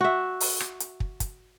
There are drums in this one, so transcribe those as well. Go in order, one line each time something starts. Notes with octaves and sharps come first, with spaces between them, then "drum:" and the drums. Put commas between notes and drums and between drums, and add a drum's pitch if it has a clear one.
F#4 E5
drum: open hi-hat
drum: rim click
drum: hi-hat
drum: kick
drum: kick, hi-hat